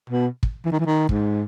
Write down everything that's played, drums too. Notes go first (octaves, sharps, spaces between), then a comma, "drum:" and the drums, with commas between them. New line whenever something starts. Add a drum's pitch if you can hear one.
B2
drum: kick
E3
D#3
E3
D#3
G#2, drum: kick